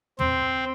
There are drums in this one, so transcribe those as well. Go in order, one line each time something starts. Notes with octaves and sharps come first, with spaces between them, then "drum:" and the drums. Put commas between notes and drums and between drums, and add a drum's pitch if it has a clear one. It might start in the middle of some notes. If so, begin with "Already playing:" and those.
C4, drum: tom